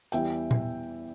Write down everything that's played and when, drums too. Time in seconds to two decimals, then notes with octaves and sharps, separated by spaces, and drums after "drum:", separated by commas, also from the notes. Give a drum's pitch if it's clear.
0.12 E2 E3 G3 E5 G5, drum: hi-hat
0.51 drum: tom A#2